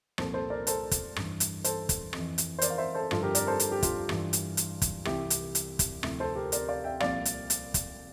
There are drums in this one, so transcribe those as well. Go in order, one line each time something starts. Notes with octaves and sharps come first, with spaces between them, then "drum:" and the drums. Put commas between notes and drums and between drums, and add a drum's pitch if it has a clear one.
C2 A#2 F3 A4 C5, drum: rim click
A4 C5
A#4 D5
A4 C5, drum: hi-hat
drum: kick, hi-hat
G2 E3, drum: rim click
drum: hi-hat
A4 C5, drum: hi-hat
drum: kick, hi-hat
F2, drum: rim click
E3
drum: hi-hat
C5
A#4 D5, drum: hi-hat
F5
C5 E5
A4 C5
G2 D3 F3 F4 A4, drum: rim click
G4 A#4
A#4 D5, drum: hi-hat
A4 C5
A4, drum: hi-hat
G4
F4 A4, drum: kick, hi-hat
G2 E3, drum: rim click
drum: hi-hat
drum: hi-hat
drum: kick, hi-hat
C2 C3 E3 E4 G4, drum: rim click
drum: hi-hat
drum: hi-hat
drum: kick, hi-hat
D2 C3 F3 E4, drum: rim click
A4 C5
G4 A#4
A#4 D5, drum: hi-hat
D5 F5
E5 G5
C2 A#2 F3 D5 F5, drum: rim click
drum: hi-hat
drum: hi-hat
drum: kick, hi-hat